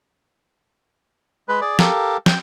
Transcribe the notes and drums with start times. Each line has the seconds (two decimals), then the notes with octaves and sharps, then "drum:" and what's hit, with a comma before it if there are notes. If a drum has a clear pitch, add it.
1.48 G#3 B4
1.61 G#4 D5
1.79 G4 A4 A#4 F5, drum: snare
2.26 G5, drum: snare